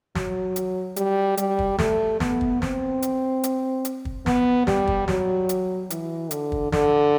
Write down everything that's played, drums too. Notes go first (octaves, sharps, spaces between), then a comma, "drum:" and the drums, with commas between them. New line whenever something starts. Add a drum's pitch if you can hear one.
F#3, drum: snare
drum: hi-hat
G3, drum: hi-hat
G3, drum: hi-hat
drum: kick
A3, drum: snare
B3, drum: snare
drum: kick
C4, drum: snare
drum: hi-hat
drum: hi-hat
drum: hi-hat
drum: kick
B3, drum: snare
G3, drum: snare
drum: kick
F#3, drum: snare
drum: hi-hat
E3, drum: hi-hat
D3, drum: hi-hat
drum: kick
D3, drum: snare